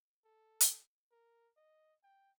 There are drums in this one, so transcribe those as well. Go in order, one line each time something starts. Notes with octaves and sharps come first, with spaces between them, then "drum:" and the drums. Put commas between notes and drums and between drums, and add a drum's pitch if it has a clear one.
A4
drum: hi-hat
A#4
D#5
G5